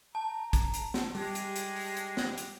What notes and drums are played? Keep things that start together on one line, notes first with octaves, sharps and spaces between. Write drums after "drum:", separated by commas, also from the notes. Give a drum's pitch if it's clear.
A5 A#5
drum: kick, hi-hat
drum: hi-hat
drum: snare
G3 G#3 G4, drum: open hi-hat
drum: hi-hat
drum: hi-hat
drum: open hi-hat
drum: hi-hat
drum: snare
drum: hi-hat